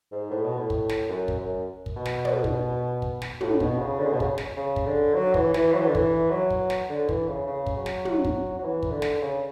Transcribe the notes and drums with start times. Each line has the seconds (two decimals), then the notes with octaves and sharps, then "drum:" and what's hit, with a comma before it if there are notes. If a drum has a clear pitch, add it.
0.12 G#2
0.31 A2
0.44 B2
0.57 A2
0.70 drum: kick
0.89 drum: snare
1.08 F#2
1.28 drum: kick
1.38 F#2
1.86 drum: kick
1.96 B2
2.05 drum: snare
2.25 drum: tom
2.44 drum: kick
3.02 drum: kick
3.22 drum: snare
3.41 A2, drum: tom
3.60 B2, drum: kick
3.79 C#3
3.99 D3
4.06 C#3
4.13 B2
4.20 C#3, drum: kick
4.38 drum: snare
4.56 C#3
4.76 drum: kick
4.86 D3
5.14 F#3
5.34 E3, drum: kick
5.54 E3, drum: snare
5.73 F#3
5.80 E3
5.88 D3
5.95 E3, drum: kick
6.31 F#3
6.50 drum: kick
6.70 drum: snare
6.89 D3
7.09 E3, drum: kick
7.28 C#3
7.47 C#3
7.67 drum: kick
7.77 F#3
7.86 drum: snare
8.05 drum: tom
8.25 drum: kick
8.59 F#3
8.64 E3
8.83 drum: kick
8.92 D3
9.02 drum: snare
9.22 C#3